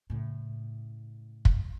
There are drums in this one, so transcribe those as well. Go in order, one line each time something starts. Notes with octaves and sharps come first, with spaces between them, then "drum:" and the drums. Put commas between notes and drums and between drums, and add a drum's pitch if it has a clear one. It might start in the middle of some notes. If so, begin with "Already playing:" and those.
A2 C#3
drum: kick